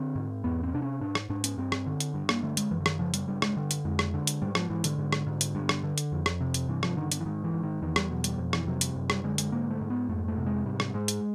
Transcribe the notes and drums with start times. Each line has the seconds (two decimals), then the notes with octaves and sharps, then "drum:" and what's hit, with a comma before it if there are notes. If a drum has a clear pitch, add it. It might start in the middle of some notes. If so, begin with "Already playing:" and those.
Already playing: D3 C4
0.15 G#2
0.44 E2 B3
0.63 C4
0.73 C3 D4
0.82 C#4
1.01 G#2 D4
1.15 drum: rim click
1.30 G#2 D4
1.44 C#4, drum: hi-hat
1.58 G2 C4
1.72 drum: rim click
1.86 D3
2.00 drum: hi-hat
2.14 G2
2.29 A#3, drum: rim click
2.43 D3 A3
2.57 G#3, drum: hi-hat
2.71 F#2 E3
2.80 D3
2.86 D#3, drum: rim click
2.99 C#3 F3
3.14 G3, drum: hi-hat
3.28 G2 G3
3.42 G#3, drum: rim click
3.57 D3 G3
3.71 drum: hi-hat
3.85 F2 G#3
3.99 drum: rim click
4.14 D3
4.27 drum: hi-hat
4.42 G#2 G3
4.55 F3, drum: rim click
4.70 G#2 E3
4.84 D3, drum: hi-hat
4.98 G#2
5.13 drum: rim click
5.27 G#2
5.41 drum: hi-hat
5.55 G2
5.69 drum: rim click
5.83 D3
5.98 drum: hi-hat
6.12 F2
6.26 drum: rim click
6.40 C3
6.54 drum: hi-hat
6.68 G2 E3
6.83 F3, drum: rim click
6.97 D3 D#3
7.12 D3, drum: hi-hat
7.21 E3
7.26 G#2 D#3
7.44 E3
7.54 G#2
7.63 D#3
7.82 E2 D#3
7.96 G3, drum: rim click
8.10 B2 F#3
8.24 G3, drum: hi-hat
8.38 F2
8.53 E3, drum: rim click
8.67 C3 F#3
8.81 G3, drum: hi-hat
8.96 F#2
9.10 G3, drum: rim click
9.24 D3 G#3
9.38 G#3, drum: hi-hat
9.52 G#2 A#3
9.71 A3
9.81 G#2
9.90 B3
10.09 F2 A3
10.28 A3
10.37 C3
10.46 G#3
10.66 G#2 G3
10.80 drum: rim click
10.94 G#2 G#3
11.08 drum: hi-hat